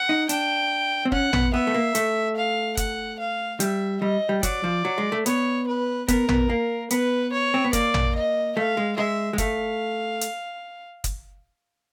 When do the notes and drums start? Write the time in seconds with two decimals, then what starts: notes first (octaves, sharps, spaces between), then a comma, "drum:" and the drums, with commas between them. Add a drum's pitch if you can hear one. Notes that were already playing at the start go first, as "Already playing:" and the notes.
Already playing: F#5
0.09 D#4
0.29 D4 G5, drum: hi-hat
1.05 C4
1.12 C#4 F#5, drum: kick
1.33 B3, drum: tom
1.54 B3 E5
1.67 A3
1.74 A#3
1.95 A3, drum: hi-hat
2.36 F5
2.77 F#5, drum: kick, hi-hat
3.19 F5
3.60 G3 E5, drum: hi-hat
4.01 G3 D#5
4.29 G3
4.43 F#3 D5, drum: kick, hi-hat
4.64 F3
4.85 F#3
4.98 G#3
5.12 A3
5.26 B3 C#5, drum: hi-hat
5.67 B4
6.08 B3 A#4, drum: kick, hi-hat
6.29 B3, drum: tom
6.50 A#3
6.91 B3 B4, drum: hi-hat
7.32 C#5
7.54 C4
7.64 B3
7.73 A#3 D5, drum: kick, hi-hat
7.94 drum: tom
8.15 D#5
8.57 A3 F5
8.77 G#3
8.97 G#3 E5
9.33 G#3
9.38 A3 F5, drum: kick, hi-hat
10.21 drum: hi-hat
11.04 drum: kick, hi-hat